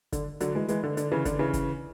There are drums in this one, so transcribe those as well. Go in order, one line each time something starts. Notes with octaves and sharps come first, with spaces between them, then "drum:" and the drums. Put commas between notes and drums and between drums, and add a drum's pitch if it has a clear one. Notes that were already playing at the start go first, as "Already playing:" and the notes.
D3, drum: kick, hi-hat
D3 F#3, drum: hi-hat
E3 G#3
E3 G#3, drum: hi-hat
D3
D3, drum: hi-hat
C#3 E3
D3, drum: kick, hi-hat
C#3 E3
drum: kick, hi-hat